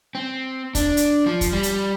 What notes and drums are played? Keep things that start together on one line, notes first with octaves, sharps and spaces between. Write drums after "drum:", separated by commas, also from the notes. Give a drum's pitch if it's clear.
C4
D4, drum: kick, hi-hat
drum: hi-hat
F3
drum: kick, hi-hat
G3
drum: hi-hat